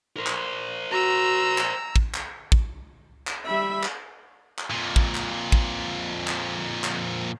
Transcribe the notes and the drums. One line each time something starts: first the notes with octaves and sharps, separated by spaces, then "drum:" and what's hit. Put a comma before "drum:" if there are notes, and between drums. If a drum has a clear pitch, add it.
A#4 C5
drum: clap
F#4 A#5 E6
drum: clap
drum: kick
drum: clap
drum: kick
drum: clap
G3 E5 B5
drum: clap
drum: clap
F2 A#2
drum: kick
drum: clap
drum: kick
drum: clap
drum: clap